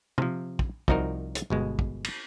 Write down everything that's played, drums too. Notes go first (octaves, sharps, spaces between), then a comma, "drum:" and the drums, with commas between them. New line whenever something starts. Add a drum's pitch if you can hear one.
C3 F3, drum: tom
drum: kick
C2 F3 D#4 F#4 A#4, drum: kick
drum: hi-hat
G1 B2 G#3
drum: kick
drum: cymbal